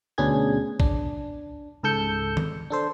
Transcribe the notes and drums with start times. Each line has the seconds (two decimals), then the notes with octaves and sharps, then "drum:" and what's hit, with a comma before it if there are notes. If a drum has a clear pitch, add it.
0.18 D2 B2 C#4 D4 G#4 G#6
0.80 D4, drum: kick
1.83 C#2 G#2 A4 E6 G6 C#7
2.37 drum: tom D#3
2.70 D4 A4 C5